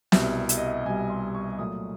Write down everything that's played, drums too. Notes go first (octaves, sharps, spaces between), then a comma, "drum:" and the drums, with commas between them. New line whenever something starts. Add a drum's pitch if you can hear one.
C2 B2 G3 E5, drum: snare
E5, drum: hi-hat
D#5
E5
C2 B2 G3 G#5
C6
C#6
A#2 F#3 A3 D#6